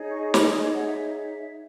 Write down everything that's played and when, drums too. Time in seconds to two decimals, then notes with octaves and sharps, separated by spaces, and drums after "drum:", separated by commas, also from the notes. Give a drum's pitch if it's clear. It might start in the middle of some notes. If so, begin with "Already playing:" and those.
Already playing: D#4 G#4 C#5
0.12 C#6
0.34 drum: snare
0.49 D#6
0.74 F#5
0.86 E5